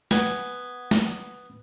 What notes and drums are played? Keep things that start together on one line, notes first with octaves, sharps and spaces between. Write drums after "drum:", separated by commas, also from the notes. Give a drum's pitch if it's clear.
B3 G#5, drum: snare
drum: snare